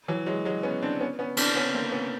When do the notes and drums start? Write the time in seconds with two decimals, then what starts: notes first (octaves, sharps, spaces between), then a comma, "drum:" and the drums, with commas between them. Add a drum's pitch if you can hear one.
0.08 E3 F#3
0.26 F#3 G#3
0.45 F#3 G#3
0.63 B3 C#4
0.82 C4 D4
1.00 B3 C#4
1.19 B3 C#4
1.37 C4 D4, drum: cymbal
1.55 B3 C#4
1.74 A#3 C4
1.92 B3 C#4